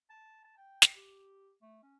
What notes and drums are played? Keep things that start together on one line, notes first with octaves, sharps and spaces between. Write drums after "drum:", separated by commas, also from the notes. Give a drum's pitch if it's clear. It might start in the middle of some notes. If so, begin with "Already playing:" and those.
A5
A5
G5
drum: snare
G4
A3
C#4